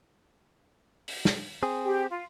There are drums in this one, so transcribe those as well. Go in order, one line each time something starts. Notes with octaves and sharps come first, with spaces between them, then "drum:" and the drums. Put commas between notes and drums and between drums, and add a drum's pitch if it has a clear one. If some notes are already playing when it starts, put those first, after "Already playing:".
drum: open hi-hat
drum: snare
C4 G#4
G4
F4